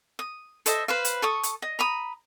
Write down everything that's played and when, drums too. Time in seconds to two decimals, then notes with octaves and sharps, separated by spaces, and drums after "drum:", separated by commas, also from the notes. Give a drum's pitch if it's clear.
0.19 D#6
0.66 A4 C5 D#5 E5, drum: hi-hat
0.88 B4 C5 F5
1.05 drum: hi-hat
1.22 A4 C#6 D#6
1.43 drum: hi-hat
1.62 D#5
1.79 A#5 B5 D#6